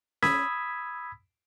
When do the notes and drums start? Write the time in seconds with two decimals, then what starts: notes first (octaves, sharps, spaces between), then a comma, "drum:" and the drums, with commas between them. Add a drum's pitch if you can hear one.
0.22 B5 D#6 E6 G#6 B6, drum: snare C#4